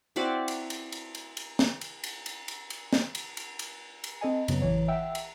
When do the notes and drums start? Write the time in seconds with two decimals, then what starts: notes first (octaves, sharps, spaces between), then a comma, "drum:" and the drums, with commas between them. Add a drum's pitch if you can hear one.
0.16 C4 E4 F#4 D5
0.48 drum: cymbal
0.70 drum: cymbal
0.92 drum: cymbal
1.15 drum: cymbal
1.37 drum: cymbal
1.59 drum: snare
1.81 drum: cymbal
2.04 drum: cymbal
2.26 drum: cymbal
2.48 drum: cymbal
2.70 drum: cymbal
2.93 drum: snare
3.15 drum: cymbal
3.37 drum: cymbal
3.59 drum: cymbal
4.04 drum: cymbal
4.21 C4 A4 D#5 G#5
4.48 F#2 C#3 F#3 B3, drum: cymbal
4.62 A1 E3 C#5
4.88 E5 F#5 G5 E6
5.15 drum: cymbal